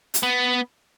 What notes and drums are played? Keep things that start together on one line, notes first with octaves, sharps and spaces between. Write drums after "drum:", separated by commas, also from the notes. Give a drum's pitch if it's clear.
drum: hi-hat
B3